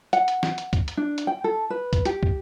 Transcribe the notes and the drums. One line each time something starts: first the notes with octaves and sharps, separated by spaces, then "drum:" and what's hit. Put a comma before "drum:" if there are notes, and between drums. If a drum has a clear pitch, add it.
F#5, drum: hi-hat
drum: hi-hat
drum: snare
drum: hi-hat
drum: kick, hi-hat
drum: hi-hat
D4
drum: hi-hat
G5
A4
B4
drum: kick, hi-hat
G4, drum: hi-hat
drum: kick